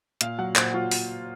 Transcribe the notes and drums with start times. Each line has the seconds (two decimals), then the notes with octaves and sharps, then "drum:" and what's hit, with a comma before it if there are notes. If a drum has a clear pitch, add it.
0.21 A#2 F5, drum: hi-hat
0.38 F#3 F#5
0.56 A#2 C5, drum: clap
0.74 F#3 F4
0.91 drum: open hi-hat